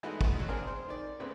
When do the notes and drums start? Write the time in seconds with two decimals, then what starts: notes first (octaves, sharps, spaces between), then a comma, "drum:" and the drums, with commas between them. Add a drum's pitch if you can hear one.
0.03 E3 G#3 A3 B3 D#4 F#4
0.21 drum: kick
0.35 B2 F#3
0.48 C4 D4 G#4 A#4
0.67 C5
0.88 D#3 D5
1.20 A2 C#3 B3 C4